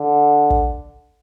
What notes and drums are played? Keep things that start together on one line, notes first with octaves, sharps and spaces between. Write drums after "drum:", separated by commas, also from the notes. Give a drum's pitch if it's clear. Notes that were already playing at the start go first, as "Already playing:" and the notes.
Already playing: D3
drum: kick